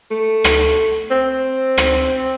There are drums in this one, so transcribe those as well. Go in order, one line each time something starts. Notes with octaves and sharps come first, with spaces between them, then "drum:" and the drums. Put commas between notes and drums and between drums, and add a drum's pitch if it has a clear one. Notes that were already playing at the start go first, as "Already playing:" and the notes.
A3
drum: rim click
C4
drum: rim click